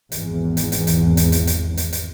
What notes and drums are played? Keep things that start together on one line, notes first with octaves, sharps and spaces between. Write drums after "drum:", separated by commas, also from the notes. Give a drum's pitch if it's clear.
G#1 E2, drum: hi-hat
drum: hi-hat
drum: hi-hat
drum: hi-hat
drum: hi-hat
drum: hi-hat
drum: hi-hat
drum: hi-hat
drum: hi-hat